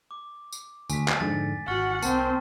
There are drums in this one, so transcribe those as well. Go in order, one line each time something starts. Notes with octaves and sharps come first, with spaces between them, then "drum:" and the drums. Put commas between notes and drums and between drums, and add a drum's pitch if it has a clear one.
D6
drum: tambourine
D2 G#5 B6, drum: tambourine
drum: clap
F2 G#2 D3 A6
G#1 F#4 F#5 C#6 F6 A6
C2 A#3 C4 A5, drum: tambourine